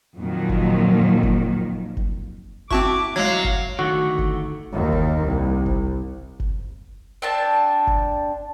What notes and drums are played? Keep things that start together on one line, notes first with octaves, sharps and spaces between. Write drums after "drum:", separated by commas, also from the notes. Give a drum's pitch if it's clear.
F2 A#2 D#3 F#3
drum: kick F#1
drum: kick F#1
drum: kick F#1
C4 E4 F#4 E5 A5 C#6 D6, drum: kick F#1
F#3 G#3 F5 G#6
drum: kick F#1
D3 D#3 A3 F#4
drum: kick F#1
D#2 D#3
drum: kick F#1
C2
drum: kick F#1
drum: kick F#1
C4 D4 A5
drum: kick F#1